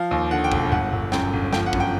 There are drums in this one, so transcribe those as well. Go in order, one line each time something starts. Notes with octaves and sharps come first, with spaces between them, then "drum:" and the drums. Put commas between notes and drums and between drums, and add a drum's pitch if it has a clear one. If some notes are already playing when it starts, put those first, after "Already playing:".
Already playing: F3 F5
D#2
D3 F#5
G5
E1, drum: kick
G1 F#5
G1
F#2 G5, drum: snare
G1
F3 G5, drum: snare
F#5
F#2, drum: kick
G5